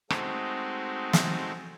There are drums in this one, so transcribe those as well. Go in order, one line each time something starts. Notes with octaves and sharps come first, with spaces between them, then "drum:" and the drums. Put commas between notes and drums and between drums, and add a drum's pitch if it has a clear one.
G#3 A3 C4 D#4 F#4, drum: rim click
drum: snare